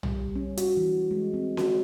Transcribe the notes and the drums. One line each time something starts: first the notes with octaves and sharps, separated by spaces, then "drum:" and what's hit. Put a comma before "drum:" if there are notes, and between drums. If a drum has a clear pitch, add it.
G3, drum: tom
C#4
F#4, drum: hi-hat
E3
G#3
C4
F#4, drum: snare C#4